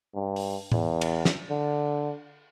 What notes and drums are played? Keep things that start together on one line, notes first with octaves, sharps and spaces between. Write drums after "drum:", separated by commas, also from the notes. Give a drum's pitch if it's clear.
G2
drum: open hi-hat
E2, drum: tom A2
drum: cymbal
drum: snare
D3